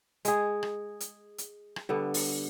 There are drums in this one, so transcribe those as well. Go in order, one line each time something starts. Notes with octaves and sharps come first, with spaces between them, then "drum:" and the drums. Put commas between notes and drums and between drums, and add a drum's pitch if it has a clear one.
G#3 G#4, drum: hi-hat
drum: rim click
drum: hi-hat
drum: hi-hat
drum: rim click
G2 D3 B3
drum: open hi-hat